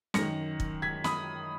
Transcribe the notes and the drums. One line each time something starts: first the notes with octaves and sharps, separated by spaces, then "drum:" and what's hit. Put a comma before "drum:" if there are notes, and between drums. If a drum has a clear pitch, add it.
F#2 D#3 A#6 C#7, drum: snare
drum: kick
G#6 B6
B5 D#6, drum: snare